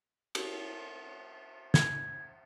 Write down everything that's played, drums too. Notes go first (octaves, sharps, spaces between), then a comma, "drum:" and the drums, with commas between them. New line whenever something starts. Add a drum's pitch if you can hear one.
drum: cymbal
G#6, drum: snare